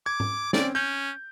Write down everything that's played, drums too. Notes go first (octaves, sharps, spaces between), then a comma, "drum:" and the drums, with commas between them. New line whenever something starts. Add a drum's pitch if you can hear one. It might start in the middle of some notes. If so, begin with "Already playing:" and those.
D6 G#6
drum: tom G#2
C4 C#4 D5 D7, drum: snare
C#4 G6